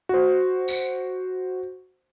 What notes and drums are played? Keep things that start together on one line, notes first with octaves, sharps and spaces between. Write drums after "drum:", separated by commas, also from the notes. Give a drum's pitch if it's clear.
F#4 C5
drum: tambourine